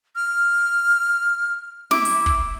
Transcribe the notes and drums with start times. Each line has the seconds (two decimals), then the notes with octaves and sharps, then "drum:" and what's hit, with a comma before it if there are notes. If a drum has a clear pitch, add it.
0.15 F6
1.91 E4 D6, drum: snare
2.05 drum: open hi-hat
2.26 drum: kick